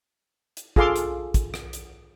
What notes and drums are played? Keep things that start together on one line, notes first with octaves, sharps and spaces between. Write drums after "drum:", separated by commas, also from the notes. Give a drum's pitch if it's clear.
drum: hi-hat
F4 G#4 A4 F5 C6 D6, drum: kick
drum: hi-hat
drum: kick, hi-hat
drum: rim click
drum: hi-hat